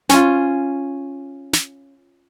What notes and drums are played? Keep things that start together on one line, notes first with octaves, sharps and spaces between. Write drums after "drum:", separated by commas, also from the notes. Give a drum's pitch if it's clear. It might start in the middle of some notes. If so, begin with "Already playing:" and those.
C#4 F4, drum: snare
drum: snare